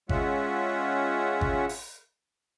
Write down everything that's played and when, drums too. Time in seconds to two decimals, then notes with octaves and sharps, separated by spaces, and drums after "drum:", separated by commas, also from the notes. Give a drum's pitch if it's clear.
0.09 G#3 C#4 F4 E5 F#5, drum: kick G#1
1.41 drum: kick G#1
1.69 drum: open hi-hat